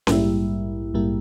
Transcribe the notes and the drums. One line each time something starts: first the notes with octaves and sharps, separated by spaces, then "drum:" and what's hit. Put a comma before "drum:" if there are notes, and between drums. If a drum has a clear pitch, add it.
A#1 G#2 G3 A#3 E4, drum: snare C#4
A#1 G#2 G3 A#3 E4